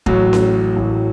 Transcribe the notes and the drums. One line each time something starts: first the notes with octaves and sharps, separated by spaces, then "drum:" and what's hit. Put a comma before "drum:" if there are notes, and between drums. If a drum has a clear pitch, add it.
A1 A2 F#3, drum: kick
drum: snare C#4
A1 A2 F#3